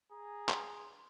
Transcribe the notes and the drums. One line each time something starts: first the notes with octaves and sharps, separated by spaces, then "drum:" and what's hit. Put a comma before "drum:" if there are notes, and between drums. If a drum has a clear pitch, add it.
G#4 A#5
C6, drum: clap